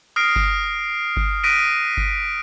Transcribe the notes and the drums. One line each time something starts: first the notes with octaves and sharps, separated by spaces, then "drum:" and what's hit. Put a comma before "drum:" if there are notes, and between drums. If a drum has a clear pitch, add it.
D#6 F6 A#6 C7 D7
drum: kick G1
drum: kick G1
D#6 F#6 A#6 B6 D7 D#7
drum: kick G1